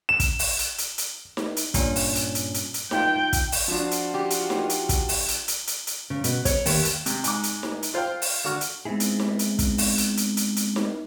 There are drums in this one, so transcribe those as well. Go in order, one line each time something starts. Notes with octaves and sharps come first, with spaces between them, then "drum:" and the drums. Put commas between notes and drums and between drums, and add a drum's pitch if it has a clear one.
E7
drum: kick, hi-hat
drum: open hi-hat
drum: hi-hat
drum: hi-hat
drum: hi-hat
drum: snare D#4
drum: hi-hat
G2 A#2 C#4, drum: kick, hi-hat
drum: open hi-hat
drum: hi-hat
drum: hi-hat
drum: hi-hat
drum: hi-hat
D#4 F4 G5, drum: snare D#4
drum: kick, hi-hat
drum: open hi-hat
F3 D4 F4 F#4
drum: hi-hat
G4
drum: hi-hat
drum: snare D#4
drum: hi-hat
drum: kick, hi-hat
drum: open hi-hat
drum: hi-hat
drum: hi-hat
drum: hi-hat
drum: hi-hat
C#3
B2, drum: hi-hat
C#5, drum: kick, hi-hat
D#2, drum: open hi-hat
drum: hi-hat
C3, drum: hi-hat
G#2 D6, drum: hi-hat
drum: hi-hat
drum: snare D#4
drum: hi-hat
F4 C5 F5 G5
drum: open hi-hat
D3 F#4 C#6 F6
drum: hi-hat
G#3 B3 C4 D#4 E4 G#4
drum: hi-hat
drum: snare D#4
drum: hi-hat
drum: kick, hi-hat
drum: open hi-hat
drum: hi-hat
drum: hi-hat
drum: hi-hat
drum: hi-hat
drum: snare D#4